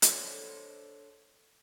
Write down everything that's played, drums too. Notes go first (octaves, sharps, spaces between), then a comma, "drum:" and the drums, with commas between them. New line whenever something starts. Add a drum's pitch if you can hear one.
D4 A4 C5 C#5 D#5, drum: hi-hat